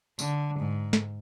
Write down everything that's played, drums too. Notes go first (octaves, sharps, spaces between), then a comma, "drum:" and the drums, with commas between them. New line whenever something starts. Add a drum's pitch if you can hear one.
D3, drum: tambourine
G#2
drum: snare